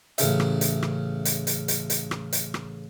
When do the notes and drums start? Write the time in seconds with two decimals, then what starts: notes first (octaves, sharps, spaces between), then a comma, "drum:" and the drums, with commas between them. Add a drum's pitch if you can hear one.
0.18 A1 C#3 E5, drum: hi-hat
0.40 drum: rim click
0.61 drum: hi-hat
0.82 drum: rim click
1.25 drum: hi-hat
1.47 drum: hi-hat
1.68 drum: hi-hat
1.90 drum: hi-hat
2.11 drum: rim click
2.33 drum: hi-hat
2.54 drum: rim click